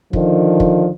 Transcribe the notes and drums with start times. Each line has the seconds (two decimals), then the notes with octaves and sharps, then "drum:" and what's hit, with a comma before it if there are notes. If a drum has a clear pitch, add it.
0.13 D3 D#3 F3, drum: kick
0.60 drum: kick